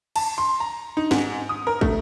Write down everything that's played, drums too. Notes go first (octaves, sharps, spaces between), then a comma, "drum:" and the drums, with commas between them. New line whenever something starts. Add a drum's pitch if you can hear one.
A5, drum: cymbal
C6
A#5
D#4
G#2, drum: snare
D#6
A#4
A3, drum: kick